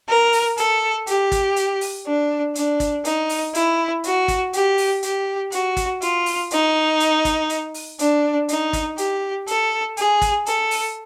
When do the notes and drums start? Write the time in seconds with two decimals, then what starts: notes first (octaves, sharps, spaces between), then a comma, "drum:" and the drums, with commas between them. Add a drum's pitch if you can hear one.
0.08 A#4
0.33 drum: open hi-hat
0.57 A4, drum: hi-hat
1.07 G4, drum: hi-hat
1.32 drum: kick, hi-hat
1.56 drum: hi-hat
1.81 drum: open hi-hat
2.06 D4
2.55 D4, drum: hi-hat
2.80 drum: kick, hi-hat
3.05 D#4, drum: hi-hat
3.29 drum: open hi-hat
3.54 E4, drum: hi-hat
4.04 F#4, drum: hi-hat
4.28 drum: kick, hi-hat
4.53 G4, drum: hi-hat
4.78 drum: open hi-hat
5.03 G4, drum: hi-hat
5.52 F#4, drum: hi-hat
5.77 drum: kick, hi-hat
6.02 F4, drum: hi-hat
6.26 drum: open hi-hat
6.51 D#4, drum: hi-hat
7.00 drum: hi-hat
7.25 drum: kick, hi-hat
7.50 drum: hi-hat
7.74 drum: open hi-hat
7.99 D4, drum: hi-hat
8.49 D#4, drum: hi-hat
8.73 drum: kick, hi-hat
8.98 G4, drum: hi-hat
9.47 A4, drum: hi-hat
9.97 G#4, drum: hi-hat
10.22 drum: kick, hi-hat
10.46 A4, drum: hi-hat
10.71 drum: open hi-hat